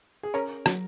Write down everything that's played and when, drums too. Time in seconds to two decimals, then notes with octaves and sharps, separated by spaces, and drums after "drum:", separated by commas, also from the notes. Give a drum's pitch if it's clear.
0.23 G#4
0.34 C#4 A#4
0.66 F#3, drum: rim click